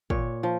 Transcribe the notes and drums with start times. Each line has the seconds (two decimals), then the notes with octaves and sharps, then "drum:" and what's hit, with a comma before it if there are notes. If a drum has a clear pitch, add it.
0.10 A#2 C#5, drum: kick
0.43 F3